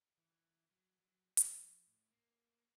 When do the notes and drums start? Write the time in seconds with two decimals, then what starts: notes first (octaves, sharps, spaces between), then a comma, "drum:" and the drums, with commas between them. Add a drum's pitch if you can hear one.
0.18 E3
0.71 F#3
1.00 F#3
1.37 F3, drum: hi-hat
1.87 A2
2.11 A#3